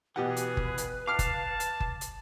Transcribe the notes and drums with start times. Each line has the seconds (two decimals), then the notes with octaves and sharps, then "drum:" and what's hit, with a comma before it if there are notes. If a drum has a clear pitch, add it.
0.16 B2 E3 G4 G#4 B4 F#5
0.36 drum: hi-hat
0.57 drum: kick F#1
0.78 drum: hi-hat
1.07 F5 A5 D6 F6
1.19 drum: kick F#1, hi-hat
1.60 drum: hi-hat
1.80 drum: kick F#1
2.01 drum: hi-hat